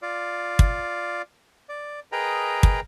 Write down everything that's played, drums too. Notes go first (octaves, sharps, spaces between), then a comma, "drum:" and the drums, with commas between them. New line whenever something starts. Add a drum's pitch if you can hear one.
F4 D5
drum: kick
D5
G#4 A#4 B4 D#5 G5 A#5
drum: kick